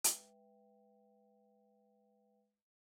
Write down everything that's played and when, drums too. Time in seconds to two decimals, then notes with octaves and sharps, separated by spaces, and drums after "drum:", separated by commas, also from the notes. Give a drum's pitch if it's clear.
0.04 G#3 B4 E5 G5, drum: hi-hat